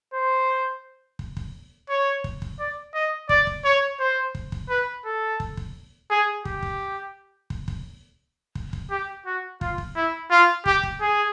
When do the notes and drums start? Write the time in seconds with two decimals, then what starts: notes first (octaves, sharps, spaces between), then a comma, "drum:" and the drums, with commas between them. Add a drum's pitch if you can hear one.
0.14 C5
1.19 drum: kick
1.37 drum: kick
1.89 C#5
2.24 drum: kick
2.42 drum: kick
2.59 D5
2.94 D#5
3.29 D5, drum: kick
3.47 drum: kick
3.65 C#5
3.99 C5
4.35 drum: kick
4.52 drum: kick
4.69 B4
5.05 A4
5.40 drum: kick
5.57 drum: kick
6.10 G#4
6.45 G4, drum: kick
6.63 drum: kick
7.50 drum: kick
7.68 drum: kick
8.55 drum: kick
8.73 drum: kick
8.90 G4
9.26 F#4
9.61 F4, drum: kick
9.78 drum: kick
9.96 E4
10.31 F4
10.66 G4, drum: kick
10.83 drum: kick
11.01 G#4